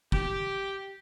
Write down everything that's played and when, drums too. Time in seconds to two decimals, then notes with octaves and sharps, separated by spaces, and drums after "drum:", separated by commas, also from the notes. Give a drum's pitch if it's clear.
0.12 G4, drum: kick